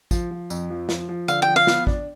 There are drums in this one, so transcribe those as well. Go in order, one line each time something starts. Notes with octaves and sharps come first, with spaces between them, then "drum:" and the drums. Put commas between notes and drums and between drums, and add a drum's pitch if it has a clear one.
F3, drum: kick, tambourine
F3
F2, drum: tambourine
F3
F3, drum: snare
F3
D3 F5, drum: tambourine
G5
F3
F5
B3, drum: snare
D4, drum: kick